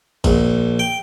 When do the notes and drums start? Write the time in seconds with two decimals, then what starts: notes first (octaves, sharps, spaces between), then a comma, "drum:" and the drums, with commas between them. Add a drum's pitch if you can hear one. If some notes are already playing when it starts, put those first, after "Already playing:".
0.24 A#1, drum: kick F#1, cymbal
0.79 G5